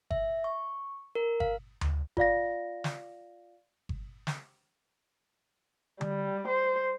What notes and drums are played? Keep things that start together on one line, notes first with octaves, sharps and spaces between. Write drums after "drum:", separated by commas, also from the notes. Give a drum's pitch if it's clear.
E5, drum: kick G1
C#6
A#4
F5, drum: kick G1
drum: tom D2
F4 D5 F5 A#6, drum: kick G1
drum: snare
drum: kick G1
drum: snare
G3, drum: tom D3
C5